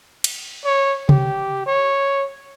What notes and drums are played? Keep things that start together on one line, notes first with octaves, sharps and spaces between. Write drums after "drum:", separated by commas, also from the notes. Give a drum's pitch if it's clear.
drum: cymbal
C#5
G4, drum: tom C3
C#5